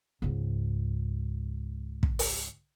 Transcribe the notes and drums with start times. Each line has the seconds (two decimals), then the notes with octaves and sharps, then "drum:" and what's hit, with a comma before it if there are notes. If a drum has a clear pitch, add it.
0.22 C#2 G#2
2.03 drum: kick
2.19 drum: open hi-hat